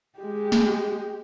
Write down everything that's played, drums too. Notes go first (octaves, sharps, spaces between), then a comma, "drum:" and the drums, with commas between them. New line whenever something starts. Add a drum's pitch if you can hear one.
G#3 G4
drum: snare